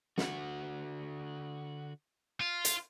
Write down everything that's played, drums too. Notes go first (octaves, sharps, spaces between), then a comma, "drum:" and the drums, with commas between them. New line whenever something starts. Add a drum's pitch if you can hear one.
D3 F#4, drum: snare
F4
drum: hi-hat